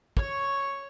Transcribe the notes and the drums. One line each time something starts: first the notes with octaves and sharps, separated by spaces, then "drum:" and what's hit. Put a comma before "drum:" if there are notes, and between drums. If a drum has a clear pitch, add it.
C#5 C#6, drum: kick